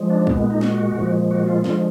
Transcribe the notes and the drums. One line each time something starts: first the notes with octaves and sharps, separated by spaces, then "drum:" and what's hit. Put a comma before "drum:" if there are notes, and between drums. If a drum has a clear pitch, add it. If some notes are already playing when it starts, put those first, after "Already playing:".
Already playing: F3 G#3
D4
D4
A#2 G#3 B3, drum: kick A1
B3
D#4
F#4, drum: snare
A#2 F3 G#3
F#4
F4
D3 F3 G#3 F4, drum: snare